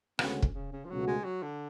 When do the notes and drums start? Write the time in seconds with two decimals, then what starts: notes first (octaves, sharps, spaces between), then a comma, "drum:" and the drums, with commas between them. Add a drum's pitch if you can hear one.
0.19 D2 C#3 G#3 B3 C#4 F#4, drum: rim click
0.42 drum: kick
0.54 C#3
0.73 C#3
0.85 F3
0.90 C#2 B2 F#3 A3 C#4 F#4
1.07 G#3
1.25 F#3
1.43 D3